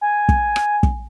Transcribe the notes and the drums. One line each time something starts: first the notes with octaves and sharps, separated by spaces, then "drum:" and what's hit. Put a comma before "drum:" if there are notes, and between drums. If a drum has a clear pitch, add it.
G#5
drum: kick
drum: rim click
drum: kick